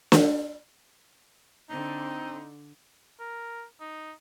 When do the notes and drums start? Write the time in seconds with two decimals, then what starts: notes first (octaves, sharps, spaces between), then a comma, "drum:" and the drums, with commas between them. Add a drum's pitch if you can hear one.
0.12 drum: snare
1.70 D3 C4 D#4
3.20 A#4
3.80 D#4